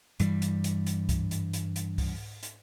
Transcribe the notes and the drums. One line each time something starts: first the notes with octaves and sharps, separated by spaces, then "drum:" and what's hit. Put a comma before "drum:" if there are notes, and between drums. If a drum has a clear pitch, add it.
G2 E3 G3, drum: hi-hat
drum: hi-hat
drum: hi-hat
drum: hi-hat
drum: kick C2, hi-hat
drum: hi-hat
drum: hi-hat
drum: hi-hat
drum: kick C2, open hi-hat
drum: hi-hat